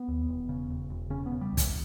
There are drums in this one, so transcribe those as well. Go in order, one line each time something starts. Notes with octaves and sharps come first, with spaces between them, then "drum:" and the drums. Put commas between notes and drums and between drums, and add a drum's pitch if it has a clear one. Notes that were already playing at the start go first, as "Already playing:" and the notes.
Already playing: B3
D#2
E1
C#3
E1
E1
C#3 C#4
B3
C#3
G3
C#2
E3, drum: kick, hi-hat